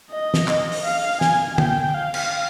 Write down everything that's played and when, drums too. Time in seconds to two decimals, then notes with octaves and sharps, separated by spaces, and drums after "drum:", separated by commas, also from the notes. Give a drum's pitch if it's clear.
0.11 D#5
0.34 drum: snare
0.48 D#5, drum: clap
0.72 drum: open hi-hat
0.85 F5
1.21 G#5, drum: snare
1.58 G5, drum: tom
1.94 F5
2.14 drum: cymbal